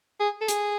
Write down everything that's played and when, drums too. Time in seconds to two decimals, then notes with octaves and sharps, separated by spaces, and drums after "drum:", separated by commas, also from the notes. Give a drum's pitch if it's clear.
0.20 G#4
0.41 A4
0.48 G#4, drum: hi-hat